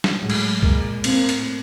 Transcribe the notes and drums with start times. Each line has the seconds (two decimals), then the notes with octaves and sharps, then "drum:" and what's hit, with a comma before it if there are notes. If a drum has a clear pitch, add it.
0.04 drum: snare
0.21 A2 F#3 G#3
0.30 drum: cymbal
0.63 A#2 G#3 A#3, drum: kick C2
1.04 A2 A#3 C4, drum: cymbal
1.29 drum: hi-hat